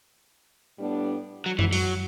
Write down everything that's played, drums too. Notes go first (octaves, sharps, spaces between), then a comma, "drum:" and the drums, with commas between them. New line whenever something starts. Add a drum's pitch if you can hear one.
A2 G3 B3 D4
F#3
E3, drum: tom F#2
F#3, drum: open hi-hat